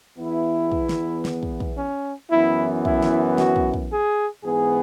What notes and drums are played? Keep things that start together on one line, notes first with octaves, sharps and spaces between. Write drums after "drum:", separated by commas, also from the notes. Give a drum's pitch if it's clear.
E2 E3 B3 E4
drum: kick
drum: snare
drum: snare
drum: kick
drum: kick
C#4
F#2 E3 B3 E4
E4, drum: kick
drum: snare
F#4, drum: snare
drum: kick
drum: kick
G#4
G#2 E3 B3 G#4